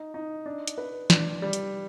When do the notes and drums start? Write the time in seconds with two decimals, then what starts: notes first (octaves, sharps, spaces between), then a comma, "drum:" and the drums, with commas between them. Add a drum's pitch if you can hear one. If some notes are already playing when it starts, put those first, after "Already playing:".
Already playing: D#4
0.14 D#4
0.46 D4
0.68 drum: hi-hat
0.78 B4
1.10 D4, drum: snare
1.42 G3
1.53 drum: hi-hat